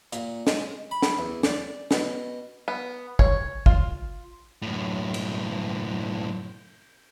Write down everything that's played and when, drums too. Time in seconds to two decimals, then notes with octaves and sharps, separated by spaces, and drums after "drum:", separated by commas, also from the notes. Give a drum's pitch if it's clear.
0.13 A#2, drum: hi-hat
0.47 G#3, drum: snare
0.91 B5
1.02 drum: snare
1.19 E2
1.43 D5, drum: snare
1.91 B2, drum: snare
2.68 B3
3.19 C#5, drum: kick
3.66 F4, drum: kick
4.62 F#2 A2
5.14 drum: cymbal